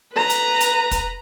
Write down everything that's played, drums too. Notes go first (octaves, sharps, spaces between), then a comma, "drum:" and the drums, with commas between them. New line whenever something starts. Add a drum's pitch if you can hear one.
B4 A#5
drum: hi-hat
drum: hi-hat
drum: kick, hi-hat